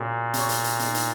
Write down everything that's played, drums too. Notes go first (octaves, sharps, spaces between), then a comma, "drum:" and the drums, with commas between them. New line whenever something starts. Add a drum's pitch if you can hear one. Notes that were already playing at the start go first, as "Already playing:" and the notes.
Already playing: A#2 C#3 A#3 F#4 C#5
C#3 A#3 F#4 C#5, drum: hi-hat
drum: hi-hat
drum: hi-hat
C#3 A#3 D#4 G#4, drum: hi-hat
drum: hi-hat